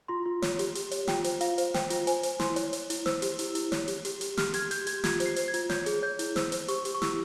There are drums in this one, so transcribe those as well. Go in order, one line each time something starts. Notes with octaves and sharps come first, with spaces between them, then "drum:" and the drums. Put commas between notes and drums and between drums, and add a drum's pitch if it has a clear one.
F4 C6
F4
C#5, drum: snare
G4, drum: hi-hat
G4, drum: hi-hat
C#5, drum: hi-hat
F4 G5, drum: snare
C5, drum: hi-hat
F4 F5, drum: hi-hat
C5, drum: hi-hat
C5 G5, drum: snare
F4, drum: hi-hat
C5 G#5, drum: hi-hat
C5, drum: hi-hat
E4 C6, drum: snare
C#5, drum: hi-hat
C#5, drum: hi-hat
E4, drum: hi-hat
C5 E6, drum: snare
G4, drum: hi-hat
E4, drum: hi-hat
E4, drum: hi-hat
C#5, drum: snare
G4, drum: hi-hat
G4, drum: hi-hat
G4, drum: hi-hat
G4 F6, drum: snare
G4 G#6, drum: hi-hat
G4 G6, drum: hi-hat
G4 G#6, drum: hi-hat
F4 G#6, drum: snare
C5, drum: hi-hat
C7
C5, drum: hi-hat
G#6
F4, drum: hi-hat
C#5 G6, drum: snare
G#4, drum: hi-hat
C#5 G6
E4, drum: hi-hat
C5 E6, drum: snare
C5, drum: hi-hat
G4 C#6, drum: hi-hat
G4, drum: hi-hat
C#6
E4 E6, drum: snare